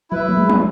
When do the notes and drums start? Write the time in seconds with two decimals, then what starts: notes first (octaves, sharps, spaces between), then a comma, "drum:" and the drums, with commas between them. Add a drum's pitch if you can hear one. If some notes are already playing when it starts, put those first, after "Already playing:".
0.11 F#3 E4 B4 E5
0.29 A#3
0.37 G#3
0.50 drum: tom